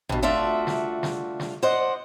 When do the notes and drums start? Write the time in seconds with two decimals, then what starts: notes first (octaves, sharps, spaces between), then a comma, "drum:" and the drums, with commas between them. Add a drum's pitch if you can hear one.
0.09 G2 B2, drum: tom G#1
0.22 A3 D4 F4 F#4 E5
0.67 drum: snare
1.03 drum: snare
1.40 drum: snare
1.63 C5 D5 D#5 F#5